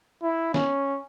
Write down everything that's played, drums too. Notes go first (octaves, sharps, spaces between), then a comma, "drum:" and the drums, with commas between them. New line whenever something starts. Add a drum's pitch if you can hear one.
E4
C#4, drum: snare